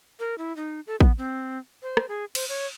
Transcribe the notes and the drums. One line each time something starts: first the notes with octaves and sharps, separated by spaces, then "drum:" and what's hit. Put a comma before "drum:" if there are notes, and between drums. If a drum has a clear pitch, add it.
A#4
E4
D#4
A4
B3, drum: kick
C4
C5
drum: rim click
G#4
C5, drum: cymbal
C#5